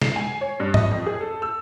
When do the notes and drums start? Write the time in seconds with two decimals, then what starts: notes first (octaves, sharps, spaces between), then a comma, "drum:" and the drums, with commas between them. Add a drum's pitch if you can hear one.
0.02 C7, drum: snare
0.16 G#5
0.41 C#5
0.60 G2
0.74 D#5, drum: tom
0.91 F2
1.06 G#4
1.21 A4
1.42 E6